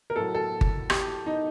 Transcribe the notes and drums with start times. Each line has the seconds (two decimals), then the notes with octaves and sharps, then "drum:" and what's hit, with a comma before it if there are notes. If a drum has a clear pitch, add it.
0.10 A#4
0.16 A2 F#3 A4
0.35 A4
0.61 drum: kick G1
0.90 G4, drum: rim click
1.26 D#4